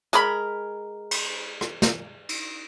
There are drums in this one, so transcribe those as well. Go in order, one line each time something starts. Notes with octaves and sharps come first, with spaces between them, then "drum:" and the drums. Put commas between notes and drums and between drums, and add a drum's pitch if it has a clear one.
G#3 A#4 B5, drum: hi-hat
drum: cymbal
drum: rim click
drum: snare
drum: cymbal